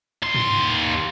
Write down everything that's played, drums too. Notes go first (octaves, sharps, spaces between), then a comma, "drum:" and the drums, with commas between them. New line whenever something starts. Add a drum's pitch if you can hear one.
D#2 C6
drum: tom